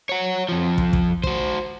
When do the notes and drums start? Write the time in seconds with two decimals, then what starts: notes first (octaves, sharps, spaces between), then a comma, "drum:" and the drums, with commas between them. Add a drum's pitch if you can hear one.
0.09 C#5 F#5
0.49 F2 F3
0.78 drum: kick
0.93 drum: kick
1.24 F#4 C5, drum: kick